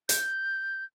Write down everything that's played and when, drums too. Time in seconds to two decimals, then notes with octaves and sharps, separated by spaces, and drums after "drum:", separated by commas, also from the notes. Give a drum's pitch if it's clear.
0.09 G6, drum: hi-hat